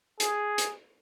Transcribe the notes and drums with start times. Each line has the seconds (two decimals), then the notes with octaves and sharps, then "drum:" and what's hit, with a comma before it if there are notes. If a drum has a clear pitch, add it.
0.20 G#4, drum: hi-hat
0.58 drum: hi-hat